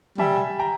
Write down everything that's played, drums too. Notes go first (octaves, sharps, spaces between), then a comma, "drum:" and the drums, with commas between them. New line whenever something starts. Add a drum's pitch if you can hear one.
G3 E5 G#5, drum: tom
G5 A#5